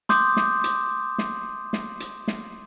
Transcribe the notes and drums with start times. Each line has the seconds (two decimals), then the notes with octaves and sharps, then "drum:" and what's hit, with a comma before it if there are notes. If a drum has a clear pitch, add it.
0.09 C6 D6 D#6 G6, drum: snare
0.37 drum: snare
0.64 drum: hi-hat
1.18 drum: snare
1.73 drum: snare
2.00 drum: hi-hat
2.28 drum: snare